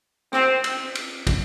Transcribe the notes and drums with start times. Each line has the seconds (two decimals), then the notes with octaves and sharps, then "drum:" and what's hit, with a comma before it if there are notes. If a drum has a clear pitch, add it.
0.33 C4, drum: rim click
0.64 drum: cymbal
0.95 drum: cymbal
1.27 drum: kick, cymbal